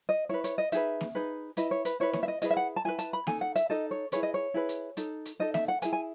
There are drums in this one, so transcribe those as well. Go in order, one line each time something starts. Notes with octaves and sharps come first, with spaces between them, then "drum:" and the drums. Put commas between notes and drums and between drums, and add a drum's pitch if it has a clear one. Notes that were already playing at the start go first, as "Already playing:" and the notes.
D#5
E4 B4 C#5
C#5, drum: hi-hat
D#5
D#4 G#4 B4 E5, drum: hi-hat
drum: snare A#3
D#4 G#4 B4
E4 B4 D#5, drum: hi-hat
C#5
B4, drum: hi-hat
E4 B4 C#5
C#5, drum: snare A#3
E5
D#5
E4 G#4 B4 D#5, drum: hi-hat
E5
F#5
A5
E4 G#4 B4 G#5
A5, drum: hi-hat
B5
D#4 A4 G#5, drum: snare A#3
F#5
E5, drum: hi-hat
D#4 A4 D#5
C#5
E4 G#4 B4 C#5, drum: hi-hat
D#5
C#5
E4 G#4 B4
drum: hi-hat
D#4 A4, drum: hi-hat
drum: hi-hat
D#4 A4 D#5
E5, drum: snare A#3
F#5
E4 G#4 B4 G#5, drum: hi-hat
G#5